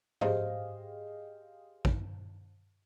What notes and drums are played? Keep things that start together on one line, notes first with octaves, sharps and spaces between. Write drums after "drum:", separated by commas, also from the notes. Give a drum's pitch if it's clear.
G4 G#4 C5 D#5 F5, drum: tom G#2
drum: kick